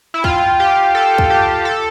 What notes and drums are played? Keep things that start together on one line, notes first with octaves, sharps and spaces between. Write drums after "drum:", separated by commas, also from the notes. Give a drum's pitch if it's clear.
E4
F4 G5, drum: kick
G4
A4
drum: kick
G4
A4